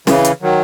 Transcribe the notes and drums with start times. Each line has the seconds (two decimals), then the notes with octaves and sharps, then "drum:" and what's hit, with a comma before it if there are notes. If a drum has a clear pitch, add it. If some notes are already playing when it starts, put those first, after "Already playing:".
0.07 C#3 E3, drum: snare
0.25 drum: hi-hat
0.42 D#3 F#3